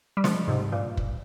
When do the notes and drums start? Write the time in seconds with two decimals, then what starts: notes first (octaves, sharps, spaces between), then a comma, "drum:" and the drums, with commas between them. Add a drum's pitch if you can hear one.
0.17 G3
0.24 F3 G#3, drum: snare
0.48 G#2 C3
0.72 G2 A#2
0.97 drum: kick